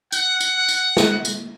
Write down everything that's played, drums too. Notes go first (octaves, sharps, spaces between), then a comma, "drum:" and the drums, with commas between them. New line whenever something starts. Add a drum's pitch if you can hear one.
F#5, drum: tambourine
drum: tambourine
drum: tambourine
drum: snare
drum: tambourine